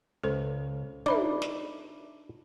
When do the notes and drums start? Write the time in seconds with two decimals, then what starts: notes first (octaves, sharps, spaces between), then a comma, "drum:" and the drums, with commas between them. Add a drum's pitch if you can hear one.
0.23 C#2 A4 C5
1.06 D4 D#4 D5 E5 B5 D6, drum: tom
1.42 drum: snare